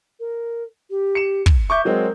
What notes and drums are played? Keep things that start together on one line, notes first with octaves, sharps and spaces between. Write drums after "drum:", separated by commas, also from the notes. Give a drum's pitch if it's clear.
A#4
G4
C#7 E7
drum: kick
E5 C#6 D6 G6
F#3 G#3 C4 A#4